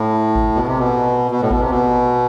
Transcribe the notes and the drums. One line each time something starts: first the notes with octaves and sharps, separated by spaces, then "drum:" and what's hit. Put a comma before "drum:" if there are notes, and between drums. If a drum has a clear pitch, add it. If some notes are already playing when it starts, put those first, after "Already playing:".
Already playing: A2
drum: kick G#1
B2
C3
B2
B2
A2
B2, drum: kick G#1
C3
B2